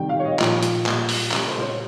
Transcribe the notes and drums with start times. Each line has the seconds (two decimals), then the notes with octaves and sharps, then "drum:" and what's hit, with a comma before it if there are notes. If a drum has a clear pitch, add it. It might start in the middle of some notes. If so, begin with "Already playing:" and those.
Already playing: C3 D#3 G3 G5
0.09 F5
0.20 C#5
0.25 D#5
0.39 A#2 F3, drum: clap
0.63 drum: hi-hat
0.86 A#2 G3, drum: clap
1.09 drum: open hi-hat
1.32 C#3 G3, drum: clap
1.47 C5
1.58 C5
1.62 C#5